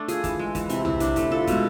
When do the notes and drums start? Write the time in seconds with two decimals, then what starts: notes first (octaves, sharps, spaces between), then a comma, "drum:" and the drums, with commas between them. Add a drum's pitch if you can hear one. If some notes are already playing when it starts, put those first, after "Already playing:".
Already playing: A3 D4
0.08 F4 G#4, drum: hi-hat
0.24 E3, drum: kick, hi-hat
0.39 G#3
0.55 E3, drum: kick, hi-hat
0.69 C3 E4, drum: hi-hat
0.85 C3 E4, drum: tom
1.00 D4 E4, drum: hi-hat
1.16 A3 E4, drum: kick, hi-hat
1.31 F4 A4
1.42 F4
1.48 B2 G#3, drum: kick, hi-hat